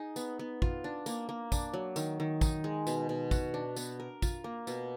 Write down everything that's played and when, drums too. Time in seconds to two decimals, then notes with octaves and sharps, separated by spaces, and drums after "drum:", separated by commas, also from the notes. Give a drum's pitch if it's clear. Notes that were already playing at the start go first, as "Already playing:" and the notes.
Already playing: D#4 G#4
0.16 B3, drum: tambourine
0.39 B3
0.62 F4, drum: kick
0.84 D4
1.06 A#3, drum: tambourine
1.29 A#3
1.52 D4, drum: kick, tambourine
1.74 F#3
1.96 D#3, drum: tambourine
2.20 D#3
2.41 D#4, drum: kick, tambourine
2.64 G#3
2.87 B2, drum: tambourine
3.09 B2
3.31 F#4, drum: kick, tambourine
3.54 D4
3.76 B3, drum: tambourine
4.00 A#4
4.22 F4, drum: kick, tambourine
4.44 A#3
4.67 B2, drum: tambourine